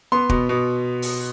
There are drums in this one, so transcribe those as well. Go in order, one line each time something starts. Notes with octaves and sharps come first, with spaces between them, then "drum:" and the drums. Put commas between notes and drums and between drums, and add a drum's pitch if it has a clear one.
B3 C6
B2, drum: kick
B2
drum: open hi-hat